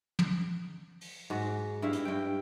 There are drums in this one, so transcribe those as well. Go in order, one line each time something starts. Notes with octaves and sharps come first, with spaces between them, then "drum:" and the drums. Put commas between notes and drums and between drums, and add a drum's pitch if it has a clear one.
drum: tom
drum: open hi-hat
G#2 F#4
G2 E4 E5 F5
drum: hi-hat
G2 G5